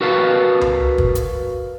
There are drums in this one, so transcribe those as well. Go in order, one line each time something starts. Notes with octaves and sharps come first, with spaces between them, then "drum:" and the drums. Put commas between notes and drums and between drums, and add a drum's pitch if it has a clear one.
F#4 A#4 B4 F5 A5
drum: tom C#2
drum: kick
drum: hi-hat